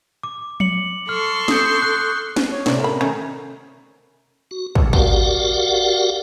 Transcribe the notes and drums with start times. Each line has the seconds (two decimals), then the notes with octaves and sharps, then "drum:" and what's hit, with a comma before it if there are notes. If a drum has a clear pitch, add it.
0.23 D6
0.60 C#7 F#7, drum: tom F3
1.09 A4 C6 C#6 F6
1.48 D#6 G6, drum: snare C#4
1.82 F#6
2.36 drum: snare C#4
2.51 C#5
2.66 A2 C3 C#4 C5 D5, drum: snare C#4
2.80 A3 A#4 B5
3.01 D#3 A3 C#4
4.51 F#4
4.75 D2 A2 C#3, drum: kick
4.93 F#4 G4 A#4 D5 F5 F#5, drum: kick